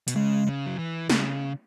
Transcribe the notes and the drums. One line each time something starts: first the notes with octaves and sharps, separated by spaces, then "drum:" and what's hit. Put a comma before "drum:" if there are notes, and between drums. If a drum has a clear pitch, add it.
B2, drum: hi-hat
C#3 G#3
C#3
F#3
E3
C#3, drum: snare